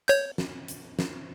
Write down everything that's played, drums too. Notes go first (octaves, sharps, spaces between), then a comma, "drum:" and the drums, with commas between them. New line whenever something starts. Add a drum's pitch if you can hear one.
C#5 G6, drum: hi-hat
drum: snare
drum: hi-hat
drum: snare